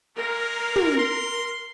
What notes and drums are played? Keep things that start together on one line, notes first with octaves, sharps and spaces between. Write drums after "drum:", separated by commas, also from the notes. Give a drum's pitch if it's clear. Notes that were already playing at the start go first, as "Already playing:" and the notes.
G#3 A#3 A#4
drum: tom
C6